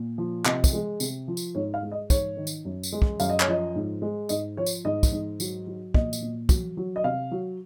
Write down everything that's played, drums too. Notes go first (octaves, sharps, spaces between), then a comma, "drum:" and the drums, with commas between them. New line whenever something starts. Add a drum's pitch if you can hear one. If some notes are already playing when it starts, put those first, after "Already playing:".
Already playing: A#2
F3
C3 D#5, drum: clap
drum: kick, tambourine
G#3
C3, drum: tambourine
F3
drum: tambourine
G#2 C#5
F5
G#3
D#5
G#2 C#5, drum: kick, tambourine
D#3
drum: tambourine
F#2
drum: tambourine
G#3
drum: kick
F#2 F5, drum: tambourine
D#5
C#5, drum: clap
F3 D#5
G#2
G#3
G#2 D#5, drum: tambourine
F3 C#5
drum: tambourine
G#2 D#5
drum: kick, tambourine
G#2
F#3, drum: tambourine
F#3
A#2 D#5, drum: kick
drum: tambourine
A#2
F#3, drum: kick, tambourine
F#3
D#5
C3 F5
F#3